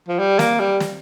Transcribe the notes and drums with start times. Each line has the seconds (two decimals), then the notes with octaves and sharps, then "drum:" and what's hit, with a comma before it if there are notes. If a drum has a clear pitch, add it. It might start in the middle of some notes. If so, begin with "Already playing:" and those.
0.08 F3
0.19 G3
0.39 A#3, drum: snare
0.60 G3
0.80 drum: snare